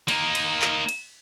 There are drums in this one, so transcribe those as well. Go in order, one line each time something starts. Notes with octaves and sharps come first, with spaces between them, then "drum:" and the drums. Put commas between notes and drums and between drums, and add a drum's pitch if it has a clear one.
A#3 D#4, drum: cymbal
drum: cymbal
drum: clap
drum: cymbal